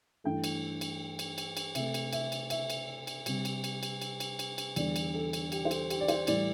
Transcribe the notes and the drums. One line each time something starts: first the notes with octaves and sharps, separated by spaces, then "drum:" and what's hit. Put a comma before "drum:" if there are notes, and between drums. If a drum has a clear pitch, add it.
G2 E3 A3 G5
drum: cymbal
drum: cymbal
drum: cymbal
drum: cymbal
drum: cymbal
C3 A3 E5, drum: cymbal
drum: cymbal
E5, drum: cymbal
drum: cymbal
E5, drum: cymbal
drum: cymbal
drum: cymbal
C3 G3, drum: cymbal
drum: cymbal
drum: cymbal
drum: cymbal
drum: cymbal
drum: cymbal
drum: cymbal
drum: cymbal
E2 D3 G3 D5, drum: cymbal
drum: cymbal
A4
drum: cymbal
G4, drum: cymbal
C5
A4, drum: cymbal
G4, drum: cymbal
D5
C5, drum: cymbal
A2 E3 G3 D5, drum: cymbal